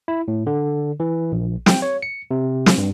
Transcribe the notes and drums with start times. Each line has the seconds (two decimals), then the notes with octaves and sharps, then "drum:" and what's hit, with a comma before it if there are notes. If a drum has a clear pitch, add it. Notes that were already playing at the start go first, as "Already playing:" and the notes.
0.08 E4
0.28 A2
0.47 D3
1.00 E3
1.32 A#1
1.66 G5, drum: snare
1.82 C#5
2.02 C#7
2.31 C3
2.66 drum: snare
2.78 G2